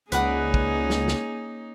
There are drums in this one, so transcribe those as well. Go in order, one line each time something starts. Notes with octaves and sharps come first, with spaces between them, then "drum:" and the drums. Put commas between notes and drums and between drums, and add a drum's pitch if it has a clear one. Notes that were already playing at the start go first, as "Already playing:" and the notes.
C#2 A#3 C#4 D#4 G#4 B4 D5 F#5, drum: hi-hat
drum: kick
drum: snare
drum: snare